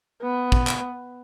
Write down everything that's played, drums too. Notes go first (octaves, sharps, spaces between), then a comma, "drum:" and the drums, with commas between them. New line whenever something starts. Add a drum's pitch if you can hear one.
B3
drum: kick
drum: clap